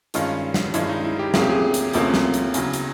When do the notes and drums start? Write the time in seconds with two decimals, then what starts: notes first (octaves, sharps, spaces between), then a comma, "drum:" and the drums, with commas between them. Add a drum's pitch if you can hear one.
0.14 G2 D#3 G#3 C#4 F4, drum: hi-hat
0.54 drum: snare
0.74 G2 D#3 G#3 C#4 E4 F4, drum: hi-hat
0.89 D#4
1.04 E4
1.19 G4
1.34 D2 C3 F3 A#3 C#4 G#4, drum: snare
1.42 G4
1.50 G#4
1.74 drum: hi-hat
1.93 D2 C3 F3 A#3 C#4, drum: hi-hat
2.14 drum: snare
2.34 drum: hi-hat
2.54 E2 C#3 F#3, drum: hi-hat
2.73 drum: hi-hat